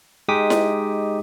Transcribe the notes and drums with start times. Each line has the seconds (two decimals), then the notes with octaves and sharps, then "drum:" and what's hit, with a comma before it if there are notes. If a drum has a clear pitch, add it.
0.28 G#3 D#4 G4 D6 D#6 B6
0.50 drum: snare E4